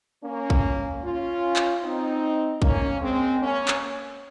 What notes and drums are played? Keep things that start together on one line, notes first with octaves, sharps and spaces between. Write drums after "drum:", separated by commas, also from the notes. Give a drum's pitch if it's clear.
A#3 C#4
drum: kick
C#4 F4
drum: clap
C4 D#4
A#3 C#4, drum: kick
G#3 C4
A#3 C#4
drum: clap